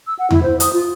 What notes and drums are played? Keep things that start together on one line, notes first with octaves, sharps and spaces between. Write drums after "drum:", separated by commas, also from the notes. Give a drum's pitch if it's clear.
E6
F#5
E4, drum: tom E2
C5
D#6, drum: hi-hat
F4